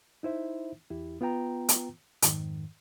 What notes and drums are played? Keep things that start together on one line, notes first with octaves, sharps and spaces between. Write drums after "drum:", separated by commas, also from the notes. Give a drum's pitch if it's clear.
D#4 E4 C5 E5
E2 E4 G4
B3 F4 B4 G5 A#5
drum: hi-hat
F2 G#2 D#3, drum: hi-hat